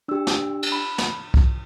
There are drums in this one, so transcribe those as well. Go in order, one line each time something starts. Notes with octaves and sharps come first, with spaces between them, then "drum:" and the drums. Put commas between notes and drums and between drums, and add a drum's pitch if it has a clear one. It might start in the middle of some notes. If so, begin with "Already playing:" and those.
D4 G4 E6
drum: snare
drum: cymbal
B5
drum: snare
drum: kick B1